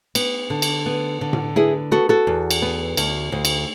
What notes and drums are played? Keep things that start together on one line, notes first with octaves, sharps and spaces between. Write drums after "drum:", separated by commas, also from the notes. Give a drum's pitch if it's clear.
B3, drum: cymbal
D3
drum: cymbal
B3
D3
drum: tom A2
B3 E4 G#4
B3 F#4 A4
F#4 A4
E2
drum: cymbal
B3
D2, drum: cymbal
D2
drum: cymbal